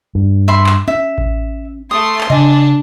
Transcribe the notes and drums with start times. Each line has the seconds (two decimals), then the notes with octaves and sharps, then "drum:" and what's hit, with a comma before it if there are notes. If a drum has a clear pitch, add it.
0.15 G2
0.48 E5 B5 C6
0.66 drum: clap
0.88 C#4 E5
1.18 drum: kick A1
1.91 A3 C6 D#6
2.21 drum: clap
2.30 C#3 D4 D#5 G#5